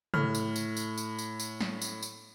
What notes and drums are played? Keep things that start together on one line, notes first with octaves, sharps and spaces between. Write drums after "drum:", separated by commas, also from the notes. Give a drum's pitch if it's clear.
A2 F6, drum: tom C3
drum: tambourine
drum: tambourine
drum: tambourine
drum: tambourine
drum: tambourine
drum: tambourine
drum: snare
drum: tambourine
drum: tambourine